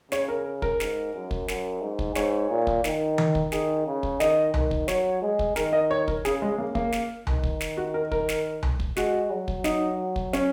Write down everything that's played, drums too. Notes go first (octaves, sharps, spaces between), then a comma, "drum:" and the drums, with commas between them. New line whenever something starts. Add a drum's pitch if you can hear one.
C#3 C#5, drum: snare
A#4
A#4, drum: kick
G#2, drum: snare
F#2
drum: kick
F#2, drum: snare
G#2
drum: kick
G#2 C#5, drum: snare
A#2
drum: kick
D#3, drum: snare
drum: tom D#3
drum: kick
D#3 G#4, drum: snare
C#3
drum: kick
D#3 D#5, drum: snare
D#3, drum: tom C2
drum: kick
F#3 C#5, drum: snare
G#3
drum: kick
D#3 A#4, drum: snare
D#5
C#5
A#4, drum: kick
C#3 G#4, drum: snare
G#3
C#3 A#3
A#3, drum: kick
drum: snare
D#3, drum: tom C2
drum: kick
drum: snare
F#4
A#4
A#4, drum: kick
drum: snare
drum: tom C2
drum: kick
G#3 F#4, drum: snare
F#3
drum: kick
D#4, drum: snare
drum: kick
C#4, drum: snare